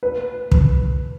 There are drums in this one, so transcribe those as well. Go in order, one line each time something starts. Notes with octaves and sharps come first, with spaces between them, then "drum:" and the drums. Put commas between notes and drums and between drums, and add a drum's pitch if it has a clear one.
B4
drum: kick